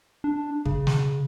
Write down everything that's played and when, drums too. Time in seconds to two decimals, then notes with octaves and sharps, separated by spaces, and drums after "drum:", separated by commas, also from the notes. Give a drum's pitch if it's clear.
0.24 D4
0.66 C#3, drum: kick F2
0.87 drum: snare